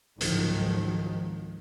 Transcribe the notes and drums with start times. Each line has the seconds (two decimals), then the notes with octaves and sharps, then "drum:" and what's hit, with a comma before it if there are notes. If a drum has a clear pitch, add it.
0.21 G#1 C#2 D#3 F3 F#3, drum: hi-hat